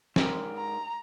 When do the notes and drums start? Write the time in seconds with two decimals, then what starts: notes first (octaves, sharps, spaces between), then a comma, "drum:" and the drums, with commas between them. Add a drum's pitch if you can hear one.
0.16 G#2 G4 A#4, drum: snare
0.57 A#5